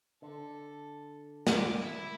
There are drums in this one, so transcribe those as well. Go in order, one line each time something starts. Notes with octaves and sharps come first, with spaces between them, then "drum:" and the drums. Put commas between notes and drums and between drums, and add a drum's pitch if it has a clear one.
D3 A4
E4 D6, drum: snare
E4 E5